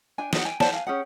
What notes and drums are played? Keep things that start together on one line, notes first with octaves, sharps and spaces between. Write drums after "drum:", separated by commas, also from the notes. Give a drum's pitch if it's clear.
D4 G5 G#5
D#4 F#4 B4 F#5, drum: snare
G5 G#5
C5 D5 F#5 A5, drum: snare
F5 G#5
C#4 G4 G#4 F#5